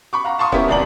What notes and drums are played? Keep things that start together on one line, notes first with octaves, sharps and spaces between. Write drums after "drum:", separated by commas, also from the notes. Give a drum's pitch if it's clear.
B5 C#6 D6
F5 F#5 A#5
F5 A5 C6 C#6 D#6
B3 C#4 E4 G4 A#4, drum: kick
G#1 D#2 C3 D5 A#5 F#7